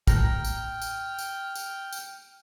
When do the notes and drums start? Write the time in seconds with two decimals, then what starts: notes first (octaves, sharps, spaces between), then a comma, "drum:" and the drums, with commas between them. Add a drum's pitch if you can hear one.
0.07 A2 G5 A#5 F6, drum: kick, tambourine
0.44 drum: tambourine
0.81 drum: tambourine
1.19 drum: tambourine
1.56 drum: tambourine
1.93 drum: tambourine